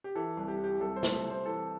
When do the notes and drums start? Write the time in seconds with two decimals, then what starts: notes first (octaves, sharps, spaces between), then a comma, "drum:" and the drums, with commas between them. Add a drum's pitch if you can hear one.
0.04 G4
0.15 E3 A4
0.37 C2
0.48 G4
0.58 E3
0.64 G4
0.80 C2 A4
0.96 C5
1.03 C3, drum: snare
1.13 A4
1.24 C2
1.30 C5
1.46 E3 A4